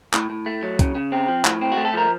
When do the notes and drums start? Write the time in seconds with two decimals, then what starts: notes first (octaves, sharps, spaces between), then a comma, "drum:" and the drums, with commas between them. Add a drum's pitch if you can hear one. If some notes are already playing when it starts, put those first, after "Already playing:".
0.13 A2, drum: clap
0.30 A2
0.46 A3
0.63 F#3
0.79 C#3, drum: kick, hi-hat
0.95 C#3
1.12 C4
1.28 F3
1.45 A2, drum: clap
1.61 C4
1.72 F#4
1.77 A3
1.85 A4
1.94 F3 A#4